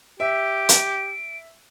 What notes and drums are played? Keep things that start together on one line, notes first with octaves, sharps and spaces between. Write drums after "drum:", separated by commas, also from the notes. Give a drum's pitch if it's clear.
G4 E5 D7
drum: hi-hat